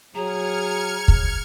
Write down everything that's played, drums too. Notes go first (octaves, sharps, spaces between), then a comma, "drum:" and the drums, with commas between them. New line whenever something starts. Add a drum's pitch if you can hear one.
F#3 G#4 A#5 F6 G#6 C#7
drum: kick